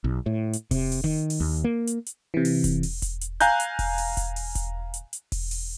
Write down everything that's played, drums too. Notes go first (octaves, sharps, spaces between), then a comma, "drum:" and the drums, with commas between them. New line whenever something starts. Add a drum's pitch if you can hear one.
B1
A2
drum: hi-hat
C3, drum: kick E1, open hi-hat
drum: open hi-hat
D#3
drum: open hi-hat
D#2
A#3
drum: hi-hat
drum: hi-hat
C3 E3
drum: open hi-hat
drum: kick E1, hi-hat
drum: open hi-hat
drum: kick E1, hi-hat
drum: hi-hat
F5 G#5 A#5 F#6 G6, drum: hi-hat
drum: hi-hat
drum: kick E1, open hi-hat
drum: open hi-hat
drum: kick E1, hi-hat
drum: open hi-hat
drum: kick E1, hi-hat
drum: hi-hat
drum: hi-hat
drum: kick E1, open hi-hat
drum: open hi-hat